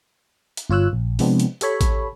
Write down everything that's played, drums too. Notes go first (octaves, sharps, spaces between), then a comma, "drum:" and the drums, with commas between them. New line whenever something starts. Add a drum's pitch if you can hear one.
drum: hi-hat
G1 F4 C#5 E6 F#6
A#1
C3 F3 G#3 B3 C4 D4, drum: open hi-hat
drum: hi-hat
G4 A4 C#5 B5, drum: hi-hat
drum: kick A1, hi-hat